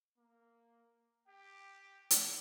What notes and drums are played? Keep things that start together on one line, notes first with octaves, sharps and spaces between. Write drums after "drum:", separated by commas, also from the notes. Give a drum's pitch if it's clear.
A#3
G4 G5
drum: hi-hat